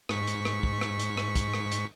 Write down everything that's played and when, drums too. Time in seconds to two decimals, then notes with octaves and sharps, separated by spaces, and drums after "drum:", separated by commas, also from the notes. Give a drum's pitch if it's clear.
0.09 G#2 C#6 B6, drum: rim click
0.27 drum: hi-hat
0.45 drum: rim click
0.63 drum: kick
0.81 drum: rim click
0.99 drum: hi-hat
1.17 drum: rim click
1.35 drum: kick, hi-hat
1.54 drum: rim click
1.72 drum: hi-hat